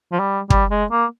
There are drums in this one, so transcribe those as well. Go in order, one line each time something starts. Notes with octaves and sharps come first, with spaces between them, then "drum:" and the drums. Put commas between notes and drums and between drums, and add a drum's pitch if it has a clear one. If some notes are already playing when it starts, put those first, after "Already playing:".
F3
G3
G3, drum: kick
G#3
A#3